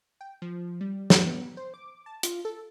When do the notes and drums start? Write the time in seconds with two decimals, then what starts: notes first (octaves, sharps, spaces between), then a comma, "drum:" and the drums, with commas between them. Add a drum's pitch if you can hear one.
0.21 G5
0.42 F3
0.81 G3
1.10 drum: snare
1.26 B3
1.57 C5
1.74 D6
2.06 A5
2.23 F4, drum: hi-hat
2.45 A4